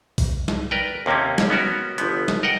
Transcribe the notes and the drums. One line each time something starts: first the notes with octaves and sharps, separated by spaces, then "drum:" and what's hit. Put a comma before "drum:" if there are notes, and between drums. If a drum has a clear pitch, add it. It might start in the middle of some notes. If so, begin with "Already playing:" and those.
drum: kick A#1, open hi-hat
drum: snare
A#4 B4 D5 G5
D#2 C3 A#3 C4 C#4
drum: snare
B3 C#4 F#4 A#4
G1 F3 B3, drum: hi-hat
drum: snare
A#4 D#5 F#5 G5